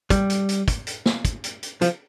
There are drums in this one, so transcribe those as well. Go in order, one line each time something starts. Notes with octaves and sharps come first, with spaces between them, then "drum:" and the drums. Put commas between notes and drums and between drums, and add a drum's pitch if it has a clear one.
G3, drum: kick, hi-hat
drum: hi-hat
drum: hi-hat
drum: kick, hi-hat
drum: hi-hat
drum: snare
drum: kick, hi-hat
drum: hi-hat
drum: hi-hat
F3, drum: hi-hat